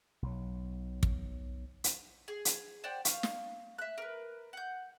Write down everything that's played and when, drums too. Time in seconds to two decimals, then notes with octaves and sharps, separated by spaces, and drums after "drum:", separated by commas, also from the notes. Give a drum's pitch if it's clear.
0.22 B1 F#3
1.03 drum: kick
1.84 drum: hi-hat
2.28 G#4
2.45 drum: hi-hat
2.84 C5 D5 F#5 G5
3.05 F5 C#6, drum: hi-hat
3.23 drum: snare
3.79 E5 F#6
3.98 A#4 B4
4.53 F#5 G6